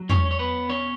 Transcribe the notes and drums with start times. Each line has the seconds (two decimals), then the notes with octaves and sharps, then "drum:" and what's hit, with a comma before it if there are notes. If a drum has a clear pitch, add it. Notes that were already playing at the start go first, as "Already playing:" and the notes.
Already playing: F#3
0.09 C#4 C#5, drum: tom E2
0.24 C#4
0.31 C#5
0.39 B3 B4
0.69 B2 C#4 C#5